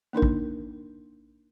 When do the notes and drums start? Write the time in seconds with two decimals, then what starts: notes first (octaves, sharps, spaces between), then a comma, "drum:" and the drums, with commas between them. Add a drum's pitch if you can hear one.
0.13 A#3 D4 D#4 A#4
0.22 drum: kick A#1